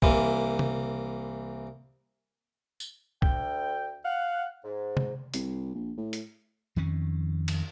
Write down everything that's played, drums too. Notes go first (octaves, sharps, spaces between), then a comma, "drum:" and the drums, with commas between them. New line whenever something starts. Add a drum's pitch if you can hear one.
C2 E3 A#3, drum: kick
drum: tom
drum: tambourine
D2 G5, drum: kick
F5 F#5
G#2
drum: tom
C2, drum: hi-hat
A#1
A2
drum: hi-hat
F2 D#3 C4 C#4
drum: cymbal